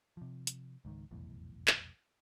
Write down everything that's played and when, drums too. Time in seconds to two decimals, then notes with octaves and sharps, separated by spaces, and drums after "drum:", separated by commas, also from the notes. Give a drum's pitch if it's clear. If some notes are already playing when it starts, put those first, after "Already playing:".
0.17 C3 F3
0.47 drum: hi-hat
0.85 C#2 G#2 D#3
1.11 F1 B1 E2 A2
1.68 drum: clap